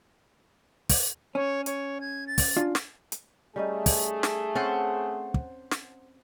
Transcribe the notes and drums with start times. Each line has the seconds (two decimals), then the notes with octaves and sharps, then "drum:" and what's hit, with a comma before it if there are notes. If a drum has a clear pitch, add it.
0.90 drum: kick, open hi-hat
1.35 C#4 C#5
1.66 C#5, drum: hi-hat
2.01 G#6
2.27 A6
2.38 drum: kick, open hi-hat
2.56 C#4 D4 F4
2.75 drum: snare
3.12 drum: hi-hat
3.56 G3 A3 C#4 D#4 G#4
3.86 drum: kick, open hi-hat
4.23 drum: snare
4.55 C4 C#4 C5 F#5 A5
5.34 drum: kick
5.71 drum: snare